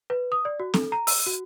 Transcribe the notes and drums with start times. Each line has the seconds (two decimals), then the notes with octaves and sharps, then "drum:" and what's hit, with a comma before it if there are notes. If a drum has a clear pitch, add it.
0.10 B4
0.32 D#6
0.45 D5
0.60 F#4
0.74 A4, drum: snare C4
0.92 A#5
1.07 E6, drum: open hi-hat
1.26 F#4